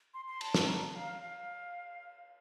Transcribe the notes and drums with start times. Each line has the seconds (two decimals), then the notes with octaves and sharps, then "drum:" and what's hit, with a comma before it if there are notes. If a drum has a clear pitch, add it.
0.14 C6
0.28 C6
0.41 A5, drum: cymbal
0.54 drum: snare
0.68 A#5
0.95 F5
1.23 F5